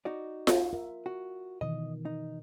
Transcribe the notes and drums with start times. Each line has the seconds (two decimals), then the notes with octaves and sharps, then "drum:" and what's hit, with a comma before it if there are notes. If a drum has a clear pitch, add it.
0.05 D#4 F#4 D5
0.47 drum: snare F4
0.73 F4 A#4 E5
1.06 F#4
1.61 B2 D#3 E3 D#5
2.05 D#4